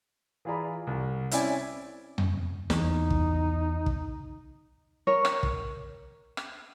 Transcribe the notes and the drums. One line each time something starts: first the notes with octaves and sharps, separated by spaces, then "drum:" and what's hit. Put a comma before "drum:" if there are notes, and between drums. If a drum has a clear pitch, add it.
E3 F4 G#4 D5 A#5 B5
C2
C4 C#4 E4 C#5 D5 G#5, drum: hi-hat
drum: tom F2
E2 D#4, drum: snare
drum: kick
drum: kick
A#4 C#5
drum: rim click
drum: kick
drum: rim click